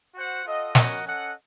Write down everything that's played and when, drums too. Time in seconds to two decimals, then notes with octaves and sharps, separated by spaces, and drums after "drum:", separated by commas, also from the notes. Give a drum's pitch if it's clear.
0.14 F#4 C5 F#5
0.45 F4 A4 D#5 F#5
0.75 C#4 F#4 A#4 D#5 F#5, drum: snare
1.06 C#4 A4 D#5 F#5